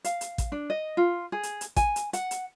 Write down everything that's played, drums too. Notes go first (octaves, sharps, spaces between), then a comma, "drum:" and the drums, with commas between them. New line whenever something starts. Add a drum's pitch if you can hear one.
F5, drum: hi-hat
drum: hi-hat
drum: kick A1, hi-hat
D4
D#5
F4
G#4
drum: hi-hat
drum: hi-hat
G#5, drum: kick A1, hi-hat
drum: hi-hat
F#5, drum: hi-hat
drum: hi-hat